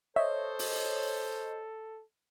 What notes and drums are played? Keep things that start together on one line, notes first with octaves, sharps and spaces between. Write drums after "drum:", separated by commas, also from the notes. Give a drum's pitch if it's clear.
A4 C5 C#5 D#5 E5
drum: open hi-hat